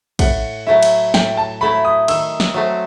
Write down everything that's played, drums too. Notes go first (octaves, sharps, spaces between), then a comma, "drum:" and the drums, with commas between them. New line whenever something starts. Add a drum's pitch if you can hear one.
A2 F#5, drum: kick, cymbal
F#3 A3 E4 E5
drum: cymbal
A2 G5, drum: snare
A5
F#3 A3 E4 B5
D#6
D#3 E6, drum: cymbal
drum: snare
F#3 A3 C4